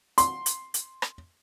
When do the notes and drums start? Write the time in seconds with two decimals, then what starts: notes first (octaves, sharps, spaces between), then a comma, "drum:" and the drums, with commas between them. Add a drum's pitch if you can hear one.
0.18 C6, drum: hi-hat
0.46 drum: hi-hat
0.74 drum: hi-hat
1.02 drum: rim click